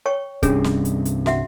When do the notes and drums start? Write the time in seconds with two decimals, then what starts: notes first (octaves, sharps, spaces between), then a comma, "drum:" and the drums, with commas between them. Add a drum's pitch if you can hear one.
0.06 C#5 G5 C#6
0.43 C2 G2 C3 C#4 D4 G#4, drum: kick C#1, hi-hat
0.64 drum: snare
0.85 drum: hi-hat
1.05 drum: hi-hat
1.26 F#4 E5 F#5, drum: snare